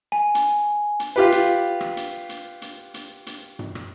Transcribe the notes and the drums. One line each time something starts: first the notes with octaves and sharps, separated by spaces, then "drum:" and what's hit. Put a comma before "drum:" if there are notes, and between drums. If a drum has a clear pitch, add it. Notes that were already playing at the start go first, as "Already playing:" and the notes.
G#5
drum: hi-hat
drum: hi-hat
F4 G4 B4
drum: hi-hat
drum: rim click
drum: hi-hat
drum: hi-hat
drum: hi-hat
drum: hi-hat
drum: hi-hat
drum: tom
drum: rim click